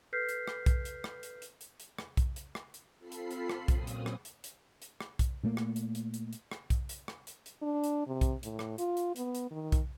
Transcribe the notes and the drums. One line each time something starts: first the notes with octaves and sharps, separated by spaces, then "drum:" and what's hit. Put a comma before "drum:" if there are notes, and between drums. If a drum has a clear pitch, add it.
A4 B4 F6 G6 B6 C7
drum: hi-hat
drum: rim click
drum: kick B1, hi-hat
drum: hi-hat
drum: rim click
drum: hi-hat
drum: hi-hat
drum: hi-hat
drum: hi-hat
drum: rim click
drum: kick B1, hi-hat
drum: hi-hat
drum: rim click
drum: hi-hat
C4 F4 A4 B5 C7
drum: hi-hat
drum: hi-hat
drum: rim click
A#2 F#3 A#3 C4 C#4 D#6, drum: kick B1, hi-hat
drum: hi-hat
drum: rim click
drum: hi-hat
drum: hi-hat
drum: hi-hat
drum: rim click
drum: kick B1, hi-hat
A#2 A3 A#3
drum: rim click
drum: hi-hat
drum: hi-hat
drum: hi-hat
drum: hi-hat
drum: rim click
drum: kick B1, hi-hat
drum: hi-hat
drum: rim click
drum: hi-hat
drum: hi-hat
D4
drum: hi-hat
C3
drum: kick B1, hi-hat
A2, drum: hi-hat
drum: rim click
F4, drum: hi-hat
drum: hi-hat
B3, drum: hi-hat
drum: hi-hat
D#3
drum: kick B1, hi-hat